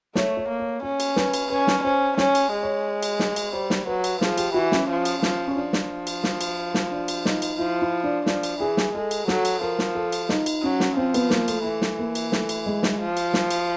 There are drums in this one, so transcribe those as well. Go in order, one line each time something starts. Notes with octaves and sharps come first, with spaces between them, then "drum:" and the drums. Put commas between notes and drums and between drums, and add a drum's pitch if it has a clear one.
A3 C#5, drum: snare
C#5
A#3
C#5
C#4 C#5
drum: cymbal
B4, drum: snare
drum: cymbal
C#4 B4
drum: snare
C#4 C5
C#4 C#5, drum: snare
drum: cymbal
G#3
C#5
drum: cymbal
drum: snare
drum: cymbal
G3 C5
drum: snare
F#3 B4
drum: cymbal
F3 G#4, drum: snare
G4, drum: cymbal
E3 F#4
C#4, drum: snare
F3
drum: cymbal
F3, drum: snare
C#4
F3 D4
drum: snare
drum: cymbal
drum: snare
drum: cymbal
drum: snare
D4
drum: cymbal
D#4, drum: snare
drum: cymbal
F3 E4
E4
D4
F3 D4, drum: snare
drum: cymbal
E3 G#4
drum: snare
G#3 A4
drum: cymbal
F#3 A4, drum: snare
drum: cymbal
F3 A#4
drum: snare
A4
drum: cymbal
D#4, drum: snare
drum: cymbal
F#3 C#4
drum: snare
F3 C4
B3, drum: cymbal
A#3, drum: snare
A3, drum: cymbal
E3 A3
drum: snare
A#3
drum: cymbal
A3, drum: snare
drum: cymbal
G#3
drum: snare
F3
drum: cymbal
drum: snare
drum: cymbal